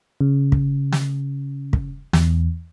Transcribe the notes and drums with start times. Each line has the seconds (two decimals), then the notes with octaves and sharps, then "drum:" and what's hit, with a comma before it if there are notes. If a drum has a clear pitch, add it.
0.21 C#3
0.52 drum: kick
0.92 drum: snare
1.73 drum: kick
2.13 E2, drum: snare